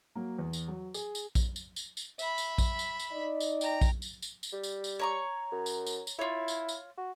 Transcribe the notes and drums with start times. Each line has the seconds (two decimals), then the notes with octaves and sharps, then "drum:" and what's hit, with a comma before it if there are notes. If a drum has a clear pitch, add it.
0.15 F#3 A#3
0.39 E2
0.53 drum: tambourine
0.68 F#3
0.94 G#4, drum: tambourine
1.15 drum: tambourine
1.35 drum: kick A#1, tambourine
1.56 drum: tambourine
1.76 drum: tambourine
1.97 drum: tambourine
2.19 E5 B5, drum: tambourine
2.38 drum: tambourine
2.58 drum: kick A#1, tambourine
2.79 drum: tambourine
2.99 drum: tambourine
3.11 D#4 D5 D#5
3.40 drum: tambourine
3.61 G5 A#5, drum: tambourine
3.81 drum: kick A#1, tambourine
4.02 drum: tambourine
4.22 drum: tambourine
4.43 drum: tambourine
4.53 G3
4.63 drum: tambourine
4.84 drum: tambourine
4.99 C#5 A#5 C#6
5.52 F#2
5.66 drum: tambourine
5.86 drum: tambourine
6.07 drum: tambourine
6.19 E4 F4 C#5
6.48 drum: tambourine
6.69 drum: tambourine
6.98 F#4